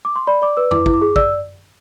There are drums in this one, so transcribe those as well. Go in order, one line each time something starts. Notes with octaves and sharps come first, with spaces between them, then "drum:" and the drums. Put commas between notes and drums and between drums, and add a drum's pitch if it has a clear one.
D6
C6
D5 B5
D5 D6
B4 E6
E4 D6, drum: tom F2
E4, drum: kick
D6
G#4
D5 E6, drum: kick